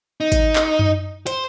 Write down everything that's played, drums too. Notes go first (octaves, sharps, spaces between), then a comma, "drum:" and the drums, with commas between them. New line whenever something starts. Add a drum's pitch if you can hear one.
D#4
drum: kick G#1, hi-hat
drum: clap
drum: tom F#2
C5, drum: hi-hat